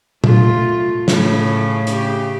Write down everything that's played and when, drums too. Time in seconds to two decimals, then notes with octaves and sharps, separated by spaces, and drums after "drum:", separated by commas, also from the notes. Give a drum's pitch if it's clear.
0.24 A3 F4, drum: tom A#2
1.08 A2 C#3 C#4, drum: snare
1.87 C#3 G4, drum: hi-hat